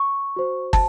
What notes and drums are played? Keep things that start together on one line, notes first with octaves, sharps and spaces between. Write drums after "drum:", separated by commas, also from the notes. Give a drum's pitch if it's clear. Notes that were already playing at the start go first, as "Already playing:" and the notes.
Already playing: C#6
F#4 C5
A5, drum: kick